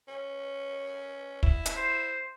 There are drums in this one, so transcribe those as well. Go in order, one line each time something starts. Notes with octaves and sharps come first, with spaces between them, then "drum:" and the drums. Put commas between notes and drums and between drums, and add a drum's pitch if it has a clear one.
C#4
E4, drum: kick
drum: hi-hat
C5